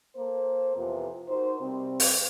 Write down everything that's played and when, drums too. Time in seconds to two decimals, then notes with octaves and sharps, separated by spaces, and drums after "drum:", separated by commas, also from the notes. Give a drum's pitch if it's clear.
0.16 A#3 A4 C5
0.77 F2 C3 E3 B3 F4
1.28 D#4 F#4 A#4 C5
1.61 C3 G3 C4
2.00 drum: open hi-hat